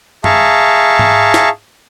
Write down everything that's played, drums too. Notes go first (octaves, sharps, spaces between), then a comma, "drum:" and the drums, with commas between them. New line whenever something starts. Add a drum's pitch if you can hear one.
G#4 E5 F5 A5 A#5 C#6, drum: tom
drum: tom G#2
drum: snare